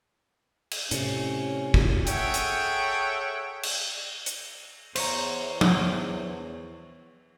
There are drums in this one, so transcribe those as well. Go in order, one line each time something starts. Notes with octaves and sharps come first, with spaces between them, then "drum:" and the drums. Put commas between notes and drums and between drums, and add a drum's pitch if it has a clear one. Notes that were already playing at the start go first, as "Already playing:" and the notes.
drum: cymbal
A2 C3 C#4, drum: hi-hat
drum: kick
G#4 A4 C#5 E5 F#5 G5, drum: hi-hat
drum: hi-hat
drum: cymbal
drum: hi-hat
E2 C5 C#5 A#5, drum: cymbal
drum: tom F3